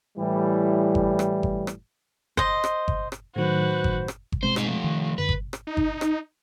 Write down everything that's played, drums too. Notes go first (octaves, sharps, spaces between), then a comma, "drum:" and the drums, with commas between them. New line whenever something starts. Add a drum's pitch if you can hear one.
A2 E3 G3
drum: kick G1
drum: rim click
drum: kick G1
drum: rim click
C5 D#5, drum: kick G1
drum: rim click
drum: kick G1
drum: rim click
A2 D#3 F#3 F#4 B4 C5
drum: kick G1
drum: rim click
drum: kick G1
B2 G#3 C4 C5
G2 D#4 G#4, drum: rim click
F3 A3
D#3
F#2 D3 B4
drum: kick G1
drum: rim click
D#4
drum: kick G1
drum: rim click